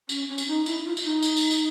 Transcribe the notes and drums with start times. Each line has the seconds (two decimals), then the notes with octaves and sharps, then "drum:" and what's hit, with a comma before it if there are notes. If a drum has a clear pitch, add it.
0.09 C#4, drum: tambourine
0.29 C#4
0.38 drum: tambourine
0.48 D#4
0.66 E4, drum: tambourine
0.85 F4
0.97 E4, drum: tambourine
1.04 D#4
1.23 drum: tambourine
1.37 drum: tambourine
1.51 drum: tambourine